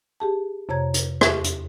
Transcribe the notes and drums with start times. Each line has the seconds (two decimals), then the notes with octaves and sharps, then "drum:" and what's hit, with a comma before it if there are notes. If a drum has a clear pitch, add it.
0.20 G4 G#4 A5
0.69 F2 C3 C#5 A#5 G#6
0.94 drum: hi-hat
1.21 E2 G4 E5 C#6 G#6, drum: rim click
1.44 drum: hi-hat